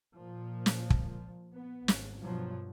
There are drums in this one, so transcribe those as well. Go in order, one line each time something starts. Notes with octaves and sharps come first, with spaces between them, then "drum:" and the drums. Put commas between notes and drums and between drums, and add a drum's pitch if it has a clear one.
A#2 F3
drum: snare
drum: kick
B3
G#1, drum: snare
G2 B2 F3 F#3